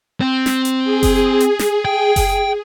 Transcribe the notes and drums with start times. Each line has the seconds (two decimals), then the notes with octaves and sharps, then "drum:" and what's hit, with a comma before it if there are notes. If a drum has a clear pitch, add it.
0.21 C4
0.46 drum: snare
0.65 drum: hi-hat
0.84 G#4
1.03 drum: kick F#1, open hi-hat
1.40 drum: hi-hat
1.59 drum: snare
1.85 G5
2.16 drum: kick F#1, open hi-hat